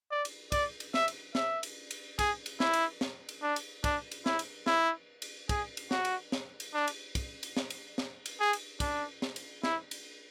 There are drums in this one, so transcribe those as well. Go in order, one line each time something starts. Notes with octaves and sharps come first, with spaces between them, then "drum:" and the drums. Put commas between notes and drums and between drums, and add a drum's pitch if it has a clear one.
D5
drum: cymbal
D5, drum: kick, cymbal
drum: cymbal
E5, drum: snare
drum: cymbal
E5, drum: snare
drum: cymbal
drum: cymbal
G#4, drum: kick, cymbal
drum: cymbal
E4, drum: snare
drum: cymbal
drum: snare
drum: cymbal
D4
drum: cymbal
D4, drum: kick, cymbal
drum: cymbal
E4, drum: snare
drum: cymbal
E4, drum: snare
drum: cymbal
G#4, drum: kick, cymbal
drum: cymbal
F#4, drum: snare
drum: cymbal
drum: snare
drum: cymbal
D4
drum: cymbal
drum: kick, cymbal
drum: cymbal
drum: snare
drum: cymbal
drum: snare
drum: cymbal
G#4
drum: cymbal
D4, drum: kick, cymbal
drum: snare
drum: cymbal
E4, drum: snare
drum: cymbal